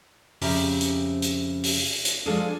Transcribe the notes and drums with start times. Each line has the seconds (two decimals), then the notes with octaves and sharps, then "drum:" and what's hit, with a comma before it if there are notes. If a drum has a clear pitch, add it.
0.41 F2 C#3 G4 C5 E5 A#5, drum: open hi-hat
0.81 drum: hi-hat
1.22 drum: hi-hat
1.64 drum: open hi-hat
2.05 drum: hi-hat
2.26 F3 G#3 D4 F4 G#4 A4